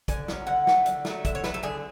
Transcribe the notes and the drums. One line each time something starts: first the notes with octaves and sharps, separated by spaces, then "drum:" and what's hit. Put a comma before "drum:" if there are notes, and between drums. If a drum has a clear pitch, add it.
D3 G#5, drum: kick, hi-hat
F#3 C#4, drum: snare
D3 F#5
F#3 A3, drum: snare
D3, drum: hi-hat
F#3 A3, drum: snare
D3 E5, drum: kick, hi-hat
C#5
F#3 A3 B4, drum: snare
A4
D3 G#4